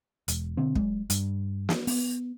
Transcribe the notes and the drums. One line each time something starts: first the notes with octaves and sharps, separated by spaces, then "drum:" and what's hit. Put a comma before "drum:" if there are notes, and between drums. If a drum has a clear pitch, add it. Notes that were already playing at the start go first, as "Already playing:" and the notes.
E1, drum: hi-hat
B2 D3 A#3 C4
F#3 G#3, drum: kick
G2, drum: hi-hat
drum: snare
B3, drum: open hi-hat